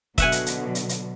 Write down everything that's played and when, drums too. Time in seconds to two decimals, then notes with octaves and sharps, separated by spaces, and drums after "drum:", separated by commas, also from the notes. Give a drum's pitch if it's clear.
0.18 B2 D3 F#3 E5 F#5 G#5, drum: kick F1, hi-hat
0.32 drum: hi-hat
0.46 drum: hi-hat
0.75 drum: hi-hat
0.89 drum: hi-hat